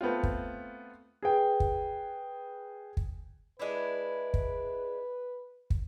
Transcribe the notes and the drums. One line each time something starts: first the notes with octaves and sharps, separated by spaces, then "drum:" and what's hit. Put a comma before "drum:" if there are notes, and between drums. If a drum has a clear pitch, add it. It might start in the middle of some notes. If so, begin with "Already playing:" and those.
A3 B3 C4 F4
drum: kick
G#4 B4 G5
drum: kick
drum: kick
G#3 D4 E4 B4
drum: kick
drum: kick